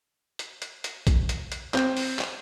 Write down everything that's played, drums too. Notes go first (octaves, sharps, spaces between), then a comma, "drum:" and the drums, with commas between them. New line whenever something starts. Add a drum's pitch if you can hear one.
drum: hi-hat
drum: hi-hat
drum: hi-hat
drum: kick A#1, hi-hat
drum: hi-hat
drum: hi-hat
C4, drum: clap
drum: open hi-hat
drum: clap